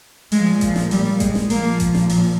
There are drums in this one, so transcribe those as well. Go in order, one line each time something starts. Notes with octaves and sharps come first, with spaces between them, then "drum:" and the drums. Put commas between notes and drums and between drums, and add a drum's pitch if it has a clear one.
A#2 F3 G#3, drum: open hi-hat
F3, drum: kick A1, hi-hat
drum: snare
G3, drum: open hi-hat
G#3, drum: kick A1, hi-hat
drum: snare
A#2 F3 A#3, drum: open hi-hat
drum: kick A1, hi-hat
drum: snare
drum: open hi-hat